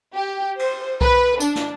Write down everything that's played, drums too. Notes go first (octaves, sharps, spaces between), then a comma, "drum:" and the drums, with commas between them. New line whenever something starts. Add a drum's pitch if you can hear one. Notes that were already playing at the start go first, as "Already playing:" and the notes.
G4
C5, drum: cymbal
B4, drum: kick C2
D4, drum: tambourine
drum: snare